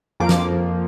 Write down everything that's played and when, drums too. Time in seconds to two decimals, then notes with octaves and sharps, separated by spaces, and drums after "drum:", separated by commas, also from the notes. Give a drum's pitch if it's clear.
0.20 F2 F3 A#3 D6
0.29 drum: snare